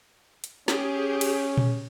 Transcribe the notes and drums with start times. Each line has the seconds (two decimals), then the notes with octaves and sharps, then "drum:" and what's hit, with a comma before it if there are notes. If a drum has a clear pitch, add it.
0.44 drum: hi-hat
0.68 C#4 G4 G#4, drum: snare
1.21 drum: cymbal
1.57 drum: tom A#2